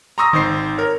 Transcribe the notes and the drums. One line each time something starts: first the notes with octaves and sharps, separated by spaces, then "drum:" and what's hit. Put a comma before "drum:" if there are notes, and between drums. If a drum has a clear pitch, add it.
A#5 C6 C#6 D#6 E6 A#6
G#1 D#4 C5 C7, drum: tom D3
A#4 C#5